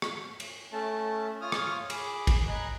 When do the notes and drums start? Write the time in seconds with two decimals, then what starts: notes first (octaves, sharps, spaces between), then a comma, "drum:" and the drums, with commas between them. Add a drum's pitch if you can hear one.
0.02 drum: rim click
0.40 drum: cymbal
0.72 A3 C#4 A5
1.41 F4 C#5 D#6 F6
1.52 drum: rim click
1.90 G#4 B5 D6, drum: cymbal
2.27 drum: kick A1, cymbal
2.48 D#5 G#5 A#5 B5 F#6